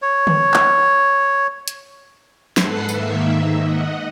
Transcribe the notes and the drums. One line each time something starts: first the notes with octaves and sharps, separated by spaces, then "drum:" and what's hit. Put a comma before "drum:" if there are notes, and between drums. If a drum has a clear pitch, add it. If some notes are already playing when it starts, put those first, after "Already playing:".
C#5
drum: tom D3
drum: clap
drum: hi-hat
G#2 A4 B4 F#5 C7, drum: snare
G#2 D#3 A#3 E5, drum: tambourine
D#5 F#5